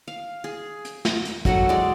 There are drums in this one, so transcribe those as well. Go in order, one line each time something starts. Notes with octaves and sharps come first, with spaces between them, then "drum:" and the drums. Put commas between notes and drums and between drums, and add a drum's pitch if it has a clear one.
F5
G#4
drum: hi-hat
drum: snare
drum: hi-hat
F#3 F#4 A4 F#5, drum: kick
G#3 D5